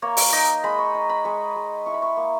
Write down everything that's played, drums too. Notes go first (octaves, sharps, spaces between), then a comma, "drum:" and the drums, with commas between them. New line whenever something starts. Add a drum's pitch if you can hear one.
A#3 C#5
drum: open hi-hat
D#4 D#5
G#3 B5
C#6
D#4
B5
G#3 C#6
G#3
E4 C#6
B5
C#6
A#3